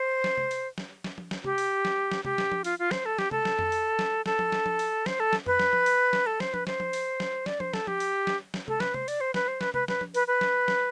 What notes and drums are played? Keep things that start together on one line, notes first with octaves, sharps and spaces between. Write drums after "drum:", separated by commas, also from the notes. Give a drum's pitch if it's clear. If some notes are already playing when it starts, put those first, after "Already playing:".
Already playing: C5
drum: snare
drum: tom C3
drum: open hi-hat
drum: snare
drum: snare
drum: tom F3
drum: snare
G4, drum: tom C3
drum: open hi-hat
drum: snare
drum: snare
G4, drum: tom C3
drum: snare
drum: tom F3
F4, drum: open hi-hat
F4
C5, drum: snare
A4
G4, drum: snare
A4, drum: tom C3
drum: snare
drum: tom F2
drum: open hi-hat
drum: snare
A4, drum: snare
drum: tom F3
drum: snare
drum: tom F3
drum: open hi-hat
C5, drum: snare
A4
drum: snare
B4, drum: tom F2
drum: snare
drum: tom F3
drum: open hi-hat
drum: snare
A4
C5, drum: snare
B4, drum: tom F3
C5, drum: snare
drum: tom F3
drum: open hi-hat
drum: snare
D5, drum: snare
C5, drum: tom F3
A4, drum: snare
G4, drum: tom F3
drum: open hi-hat
drum: snare
drum: snare
A4, drum: tom C3
B4, drum: snare
C5, drum: tom C3
D5, drum: open hi-hat
C5
B4, drum: snare
C5
B4, drum: snare
B4, drum: tom C3
B4, drum: snare
drum: tom F3
B4, drum: open hi-hat
B4
drum: snare
drum: snare